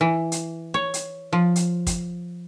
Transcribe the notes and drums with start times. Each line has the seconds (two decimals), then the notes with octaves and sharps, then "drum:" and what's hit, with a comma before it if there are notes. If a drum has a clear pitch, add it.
0.01 E3
0.32 drum: hi-hat
0.74 C#5
0.94 drum: hi-hat
1.33 F3
1.56 drum: hi-hat
1.87 drum: kick, hi-hat